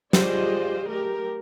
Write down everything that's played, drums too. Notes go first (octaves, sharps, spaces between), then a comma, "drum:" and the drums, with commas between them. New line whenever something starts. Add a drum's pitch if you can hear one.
F4 G4 G#4 C5 D5 D#5, drum: snare
A3 G4 A#4